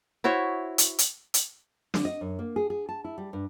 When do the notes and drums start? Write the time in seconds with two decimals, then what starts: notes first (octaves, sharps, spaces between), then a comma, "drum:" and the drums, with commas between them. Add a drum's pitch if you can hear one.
0.24 E4 F#4 C5 C#5
0.78 drum: hi-hat
0.98 drum: hi-hat
1.34 drum: hi-hat
1.94 D3, drum: snare
2.05 D#5
2.21 F#2
2.39 A#3
2.56 G#4
2.70 G#4
2.89 A5
3.04 E4
3.18 G3
3.33 G2